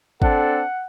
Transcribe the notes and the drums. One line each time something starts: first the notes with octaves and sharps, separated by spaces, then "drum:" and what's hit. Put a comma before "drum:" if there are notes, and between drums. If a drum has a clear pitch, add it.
C4 D4 A4 F#5, drum: kick